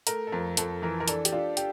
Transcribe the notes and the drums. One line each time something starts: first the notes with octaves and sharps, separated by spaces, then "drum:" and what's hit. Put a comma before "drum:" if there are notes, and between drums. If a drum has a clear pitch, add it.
A3 A#4, drum: hi-hat
A4
F2 A#4
F2 A4, drum: hi-hat
E3 A#4
A#4
D4 A4, drum: hi-hat
G4, drum: hi-hat
D4 F4
G4, drum: hi-hat